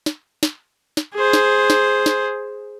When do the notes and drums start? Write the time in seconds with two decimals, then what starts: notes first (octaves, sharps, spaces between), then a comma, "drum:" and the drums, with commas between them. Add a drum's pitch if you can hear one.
0.06 drum: snare
0.43 drum: snare
0.97 drum: snare
1.15 G#4 C5
1.33 drum: snare
1.70 drum: snare
2.06 drum: snare